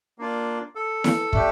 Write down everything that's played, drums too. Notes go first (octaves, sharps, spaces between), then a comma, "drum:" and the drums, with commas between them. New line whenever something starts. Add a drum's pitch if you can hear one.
A#3 D4 F4
A4
drum: snare E4
A3 D4 G4, drum: kick